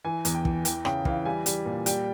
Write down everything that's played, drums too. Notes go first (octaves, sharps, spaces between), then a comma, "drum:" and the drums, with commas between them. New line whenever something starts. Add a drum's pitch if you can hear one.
E3 G#5
E2, drum: hi-hat
G5
E3, drum: kick
E3 G5, drum: hi-hat
C#3 G5, drum: rim click
E3 F5, drum: kick
G3 G#5
G3, drum: hi-hat
A#2
G3 G5, drum: hi-hat